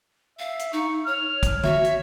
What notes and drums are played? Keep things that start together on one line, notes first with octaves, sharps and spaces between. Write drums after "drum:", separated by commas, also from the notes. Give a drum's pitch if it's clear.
E5 F5
drum: hi-hat
D#4 C#6
C#5 F6
drum: kick, hi-hat
F#4 C#5 E5, drum: tom D3
drum: hi-hat